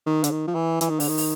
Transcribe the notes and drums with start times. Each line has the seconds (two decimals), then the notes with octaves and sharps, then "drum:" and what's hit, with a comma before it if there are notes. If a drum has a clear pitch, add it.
0.07 D#3
0.24 D3, drum: hi-hat
0.31 D#3
0.47 F3
0.55 E3
0.81 E3, drum: hi-hat
0.89 D#3
1.00 D3, drum: open hi-hat
1.09 D#3
1.18 drum: open hi-hat